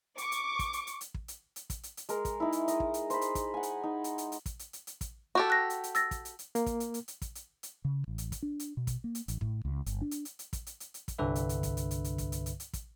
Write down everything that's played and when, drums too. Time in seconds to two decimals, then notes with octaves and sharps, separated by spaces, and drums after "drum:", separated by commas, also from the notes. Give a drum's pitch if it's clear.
0.18 C#6 D6, drum: hi-hat
0.32 drum: hi-hat
0.59 drum: kick, hi-hat
0.73 drum: hi-hat
0.87 drum: hi-hat
1.01 drum: hi-hat
1.14 drum: kick
1.28 drum: hi-hat
1.56 drum: hi-hat
1.70 drum: kick, hi-hat
1.83 drum: hi-hat
1.97 drum: hi-hat
2.09 G#3 A#4, drum: hi-hat
2.25 drum: kick, hi-hat
2.40 D#4 E4
2.52 drum: hi-hat
2.68 D#5, drum: hi-hat
2.80 drum: kick
2.94 drum: hi-hat
3.10 C5 B5, drum: hi-hat
3.21 drum: hi-hat
3.35 drum: kick, hi-hat
3.54 F#5 G#5
3.63 drum: hi-hat
3.83 D#4
4.04 drum: hi-hat
4.18 drum: hi-hat
4.32 drum: hi-hat
4.46 drum: kick, hi-hat
4.59 drum: hi-hat
4.73 drum: hi-hat
4.87 drum: hi-hat
5.01 drum: kick, hi-hat
5.35 F#4 G4 A4
5.50 F#6 A#6
5.70 drum: hi-hat
5.84 drum: hi-hat
5.95 E6 A6 A#6, drum: hi-hat
6.11 drum: kick, hi-hat
6.25 drum: hi-hat
6.39 drum: hi-hat
6.55 A#3, drum: hi-hat
6.66 drum: kick, hi-hat
6.80 drum: hi-hat
6.94 drum: hi-hat
7.08 drum: hi-hat
7.22 drum: kick, hi-hat
7.35 drum: hi-hat
7.63 drum: hi-hat
7.85 C#3
8.08 A1
8.18 drum: hi-hat
8.32 drum: kick, hi-hat
8.43 D4
8.60 drum: hi-hat
8.77 B2
8.87 drum: kick, hi-hat
9.04 A#3
9.15 drum: hi-hat
9.28 A1, drum: hi-hat
9.41 A2, drum: kick
9.65 C#2
9.86 G1, drum: hi-hat
10.02 D4
10.11 drum: hi-hat
10.25 drum: hi-hat
10.39 drum: hi-hat
10.53 drum: kick, hi-hat
10.66 drum: hi-hat
10.80 drum: hi-hat
10.94 drum: hi-hat
11.08 drum: kick, hi-hat
11.19 C2 G2 D3 B4 E5
11.35 drum: hi-hat
11.49 drum: hi-hat
11.63 drum: kick, hi-hat
11.77 drum: hi-hat
11.91 drum: hi-hat
12.04 drum: hi-hat
12.18 drum: kick, hi-hat
12.32 drum: hi-hat
12.46 drum: hi-hat
12.60 drum: hi-hat
12.73 drum: kick, hi-hat